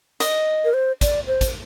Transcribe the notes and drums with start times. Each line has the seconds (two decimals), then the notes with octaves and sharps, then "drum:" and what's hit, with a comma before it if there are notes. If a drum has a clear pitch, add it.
0.20 D#5, drum: hi-hat
0.65 A#4
0.74 C5
1.01 D5, drum: kick, hi-hat
1.27 C5
1.41 drum: kick, hi-hat